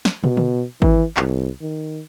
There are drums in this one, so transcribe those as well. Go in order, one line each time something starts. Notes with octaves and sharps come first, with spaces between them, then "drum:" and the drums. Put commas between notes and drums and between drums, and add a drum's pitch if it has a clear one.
drum: snare
B2, drum: tom
drum: tom C#3
E3, drum: kick G#1
C2, drum: clap
D#3